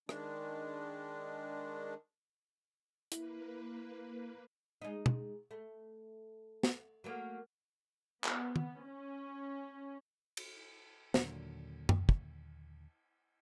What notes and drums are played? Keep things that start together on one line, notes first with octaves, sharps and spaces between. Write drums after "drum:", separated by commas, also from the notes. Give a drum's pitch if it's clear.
D#3 G#3 D4, drum: rim click
A#3 E4 B4, drum: hi-hat
G#3 D#4
drum: tom B2
A3
drum: snare
F#3 A3 A#3
B3, drum: clap
drum: tom D#3
C#4
drum: cymbal
D#2 A#2 D3 F#3, drum: snare
drum: tom F#2
drum: kick